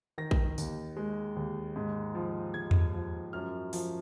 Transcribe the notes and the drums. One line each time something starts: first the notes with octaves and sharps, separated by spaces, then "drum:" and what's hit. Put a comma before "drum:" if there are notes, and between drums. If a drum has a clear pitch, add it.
D#3 A#6
drum: kick
D#2, drum: tambourine
G#3
D#2
G#2
F3
G#2 G#6
drum: tom E2
F3
F#2 F6
F3, drum: open hi-hat